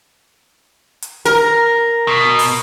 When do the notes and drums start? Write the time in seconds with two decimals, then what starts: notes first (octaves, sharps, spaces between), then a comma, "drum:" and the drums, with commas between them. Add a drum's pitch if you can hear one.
1.02 drum: hi-hat
1.25 A#4, drum: hi-hat
2.08 B2
2.39 drum: open hi-hat